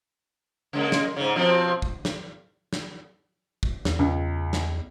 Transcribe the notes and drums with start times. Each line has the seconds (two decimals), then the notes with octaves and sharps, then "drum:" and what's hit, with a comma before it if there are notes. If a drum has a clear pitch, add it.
0.73 C#3 G#3 A#3
0.92 drum: snare
1.16 G#2 C#3
1.35 B2 F3 C4
1.82 drum: kick
2.05 drum: snare
2.73 drum: snare
3.63 drum: kick
3.85 E2, drum: snare
3.99 C#2
4.53 drum: snare